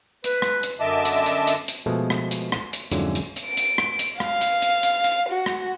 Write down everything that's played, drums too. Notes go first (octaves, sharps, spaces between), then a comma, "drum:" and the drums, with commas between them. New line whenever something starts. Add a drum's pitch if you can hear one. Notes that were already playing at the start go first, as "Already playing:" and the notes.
B4, drum: hi-hat
drum: rim click
drum: hi-hat
F#2 D3 D#5 E5 A5 D6
drum: hi-hat
drum: hi-hat
drum: hi-hat
drum: hi-hat
B2 F3 G#3 A3 A4
drum: rim click
drum: hi-hat
drum: rim click
drum: hi-hat
F2 G#2 D3 F#3 C#4 E4, drum: hi-hat
drum: hi-hat
drum: hi-hat
D7
drum: hi-hat
drum: rim click
drum: hi-hat
F5, drum: rim click
drum: hi-hat
drum: hi-hat
drum: hi-hat
drum: hi-hat
F#4
drum: rim click